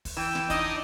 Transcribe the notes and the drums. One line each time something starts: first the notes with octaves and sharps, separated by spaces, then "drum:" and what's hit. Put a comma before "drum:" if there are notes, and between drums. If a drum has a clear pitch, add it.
drum: kick, open hi-hat
E3 G5 E6
drum: snare
D4 D#4 D#5, drum: kick, hi-hat